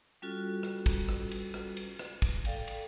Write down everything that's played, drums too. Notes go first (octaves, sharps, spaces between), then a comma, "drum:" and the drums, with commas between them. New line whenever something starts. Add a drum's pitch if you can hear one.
G3 C#4 F4 F#4 A4
drum: rim click
drum: kick, cymbal
drum: rim click
drum: cymbal
drum: rim click
drum: cymbal
drum: rim click
drum: kick, cymbal
A4 D5 F5 G5, drum: cymbal
drum: cymbal